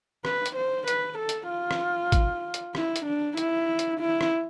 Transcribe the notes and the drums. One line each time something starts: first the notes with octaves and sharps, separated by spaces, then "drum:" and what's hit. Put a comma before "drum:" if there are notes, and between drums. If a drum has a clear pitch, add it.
B4, drum: rim click
drum: hi-hat
C5
B4, drum: hi-hat
A4
drum: hi-hat
F4
drum: rim click
drum: kick, hi-hat
drum: hi-hat
E4, drum: rim click
drum: hi-hat
D4
E4, drum: hi-hat
drum: hi-hat
E4
drum: rim click